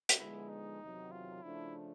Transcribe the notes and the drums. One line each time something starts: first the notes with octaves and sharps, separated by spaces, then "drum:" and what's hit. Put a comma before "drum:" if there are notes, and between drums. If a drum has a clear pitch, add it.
drum: hi-hat
D3 F3 G#3 B3 E4
D#4
E2 C3 D#3 F#3
F4
C#3 F3 A3 D4 E4